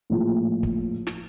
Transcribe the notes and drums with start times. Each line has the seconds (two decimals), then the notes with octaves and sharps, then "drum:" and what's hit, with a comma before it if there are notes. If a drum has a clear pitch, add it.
0.10 A#1 A2 F3
0.63 drum: kick
1.07 drum: snare